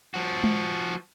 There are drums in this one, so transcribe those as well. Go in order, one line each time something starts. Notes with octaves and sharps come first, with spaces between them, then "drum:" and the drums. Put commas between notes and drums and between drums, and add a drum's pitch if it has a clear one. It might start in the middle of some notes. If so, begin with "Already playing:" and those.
F3 F#4
drum: tom G#3